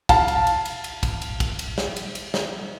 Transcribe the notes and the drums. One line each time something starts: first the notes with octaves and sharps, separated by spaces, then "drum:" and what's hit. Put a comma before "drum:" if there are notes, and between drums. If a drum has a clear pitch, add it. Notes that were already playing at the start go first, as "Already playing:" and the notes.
F5 A5, drum: kick, cymbal
drum: cymbal
drum: cymbal
drum: cymbal
drum: cymbal
drum: kick, cymbal
drum: cymbal
drum: kick, cymbal
drum: cymbal
drum: snare
drum: cymbal
drum: cymbal
drum: snare